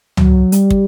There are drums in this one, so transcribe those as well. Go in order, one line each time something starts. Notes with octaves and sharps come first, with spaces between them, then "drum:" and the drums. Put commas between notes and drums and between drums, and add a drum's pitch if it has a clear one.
F#3, drum: tom C#2
G3, drum: hi-hat
drum: kick